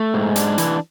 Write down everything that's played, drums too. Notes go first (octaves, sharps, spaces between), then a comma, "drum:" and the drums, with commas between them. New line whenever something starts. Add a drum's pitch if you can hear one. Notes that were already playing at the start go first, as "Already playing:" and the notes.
Already playing: A3
G#2
D4, drum: hi-hat
E3, drum: hi-hat